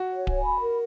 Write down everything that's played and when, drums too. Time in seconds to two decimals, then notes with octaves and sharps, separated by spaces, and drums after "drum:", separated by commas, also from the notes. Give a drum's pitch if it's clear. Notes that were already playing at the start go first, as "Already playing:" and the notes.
Already playing: F#4
0.11 C#5
0.27 G#5, drum: kick D1
0.44 B5
0.61 A#4